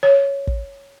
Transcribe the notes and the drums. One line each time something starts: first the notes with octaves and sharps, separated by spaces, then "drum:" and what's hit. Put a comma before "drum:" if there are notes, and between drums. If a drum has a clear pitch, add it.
C#5
drum: kick